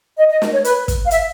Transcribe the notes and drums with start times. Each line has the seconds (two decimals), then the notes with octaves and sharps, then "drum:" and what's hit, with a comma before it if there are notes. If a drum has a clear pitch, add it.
0.18 D#5
0.30 D#5
0.42 drum: snare
0.53 C#5
0.64 B4, drum: hi-hat
0.88 drum: kick, hi-hat
1.05 F5
1.11 E5, drum: hi-hat